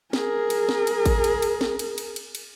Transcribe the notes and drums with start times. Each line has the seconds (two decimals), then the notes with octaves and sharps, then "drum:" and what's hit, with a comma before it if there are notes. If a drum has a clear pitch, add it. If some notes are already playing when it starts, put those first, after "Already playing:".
0.13 G#4 A#4, drum: snare
0.50 drum: cymbal
0.69 drum: snare
0.87 drum: cymbal
1.06 drum: kick G#1, cymbal
1.24 drum: cymbal
1.42 drum: cymbal
1.61 drum: snare
1.79 drum: cymbal
1.98 drum: cymbal
2.16 drum: cymbal
2.35 drum: cymbal